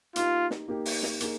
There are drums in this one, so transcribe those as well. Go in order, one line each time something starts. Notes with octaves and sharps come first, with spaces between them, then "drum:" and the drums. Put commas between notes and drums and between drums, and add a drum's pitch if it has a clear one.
A#3 D#4 F4 G4, drum: hi-hat
drum: snare
A#3 D#4 G4
drum: open hi-hat
drum: snare
A#3 D#4 G#4, drum: hi-hat